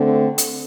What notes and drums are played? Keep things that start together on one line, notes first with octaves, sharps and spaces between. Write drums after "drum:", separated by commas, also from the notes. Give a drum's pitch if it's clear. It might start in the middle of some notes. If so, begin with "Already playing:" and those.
Already playing: D3 A3 C4
drum: hi-hat